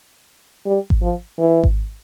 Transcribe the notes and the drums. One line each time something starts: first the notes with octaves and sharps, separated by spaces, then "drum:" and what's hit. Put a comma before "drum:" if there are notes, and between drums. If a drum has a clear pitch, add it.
G3
drum: kick G#1
F3
E3
drum: kick G#1